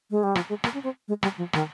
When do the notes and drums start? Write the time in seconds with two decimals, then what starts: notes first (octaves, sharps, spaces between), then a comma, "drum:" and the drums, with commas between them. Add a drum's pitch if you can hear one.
0.11 G#3
0.23 G3
0.35 F3, drum: rim click
0.49 G#3
0.64 A#3, drum: rim click
0.74 C#4
0.84 C4
1.08 G#3
1.23 G3, drum: rim click
1.38 F3
1.53 D#3, drum: rim click